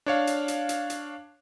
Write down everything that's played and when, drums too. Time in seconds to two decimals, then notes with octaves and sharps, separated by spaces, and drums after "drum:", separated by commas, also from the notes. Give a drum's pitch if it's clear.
0.06 D4 C#5 F5
0.27 drum: hi-hat
0.48 drum: hi-hat
0.69 drum: hi-hat
0.90 drum: hi-hat